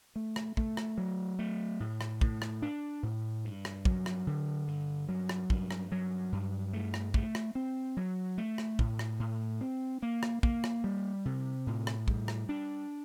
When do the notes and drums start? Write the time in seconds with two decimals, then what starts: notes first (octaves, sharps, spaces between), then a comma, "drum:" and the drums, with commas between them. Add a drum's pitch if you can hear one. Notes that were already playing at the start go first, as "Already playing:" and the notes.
0.16 A3
0.36 drum: rim click
0.57 A3, drum: kick
0.77 drum: rim click
0.98 F#3
1.39 A3
1.80 A2
2.01 drum: rim click
2.21 A2, drum: kick
2.42 drum: rim click
2.62 D4
3.03 A2
3.45 G2
3.65 drum: rim click
3.85 F#3, drum: kick
4.06 drum: rim click
4.27 D3
4.68 G2
5.09 F#3
5.29 drum: rim click
5.50 G2, drum: kick
5.71 drum: rim click
5.92 F#3
6.32 G2
6.73 A3
6.94 drum: rim click
7.14 A3, drum: kick
7.35 drum: rim click
7.55 C4
7.97 F#3
8.38 A3
8.58 drum: rim click
8.79 A2, drum: kick
8.99 drum: rim click
9.20 A2
9.61 C4
10.02 A#3
10.23 drum: rim click
10.43 A#3, drum: kick
10.64 drum: rim click
10.84 G3
11.25 C3
11.67 A2
11.87 drum: rim click
12.08 G3, drum: kick
12.28 drum: rim click
12.49 D4